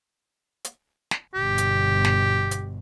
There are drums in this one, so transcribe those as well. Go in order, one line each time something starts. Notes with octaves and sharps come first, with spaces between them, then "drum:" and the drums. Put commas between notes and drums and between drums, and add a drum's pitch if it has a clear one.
drum: hi-hat
drum: snare
G1 B2 G4
drum: hi-hat
drum: snare
drum: hi-hat